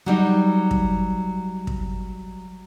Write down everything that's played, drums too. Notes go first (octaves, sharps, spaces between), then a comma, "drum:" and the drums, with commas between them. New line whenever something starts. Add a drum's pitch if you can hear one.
F#3 G3 D#4
drum: kick
drum: kick